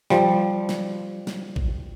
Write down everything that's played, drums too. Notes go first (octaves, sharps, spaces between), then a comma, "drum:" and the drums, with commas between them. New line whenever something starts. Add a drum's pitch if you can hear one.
F3 G3, drum: snare
drum: snare
drum: snare
drum: kick A1